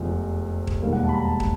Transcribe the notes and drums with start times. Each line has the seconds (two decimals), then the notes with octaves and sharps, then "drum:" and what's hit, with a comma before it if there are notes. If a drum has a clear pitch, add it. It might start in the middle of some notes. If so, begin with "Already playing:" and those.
Already playing: F1 E2 C3 F3 G#3
0.67 drum: kick
0.82 E1 D#2 D#3 G3 A#3 F5
0.93 F#5
1.04 A5
1.09 B5
1.15 A#5
1.26 A5
1.40 drum: kick